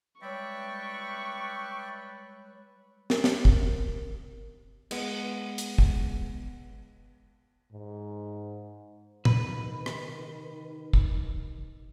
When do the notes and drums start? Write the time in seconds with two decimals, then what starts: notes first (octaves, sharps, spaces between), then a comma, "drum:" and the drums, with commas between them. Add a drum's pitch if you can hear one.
0.22 G3 G#3 B4 C#5 D5 E5 G5 C#6
3.10 A#4, drum: snare
3.24 drum: snare
3.45 drum: kick
4.91 G#3 B3, drum: cymbal
5.58 drum: hi-hat
5.78 drum: kick
7.73 G#2
9.25 C3 D#3 B4, drum: tom
9.86 drum: rim click
10.93 drum: kick